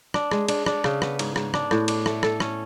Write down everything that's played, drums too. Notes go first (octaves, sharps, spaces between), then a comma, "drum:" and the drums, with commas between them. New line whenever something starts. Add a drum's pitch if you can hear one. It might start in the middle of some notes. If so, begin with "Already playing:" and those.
D4, drum: rim click
G#3, drum: rim click
D4, drum: cymbal
D4, drum: rim click
C#3, drum: rim click
B3, drum: rim click
G#2, drum: cymbal
G#2, drum: rim click
D4, drum: rim click
A2, drum: rim click
D4, drum: cymbal
A3, drum: rim click
A4, drum: rim click
C#4, drum: rim click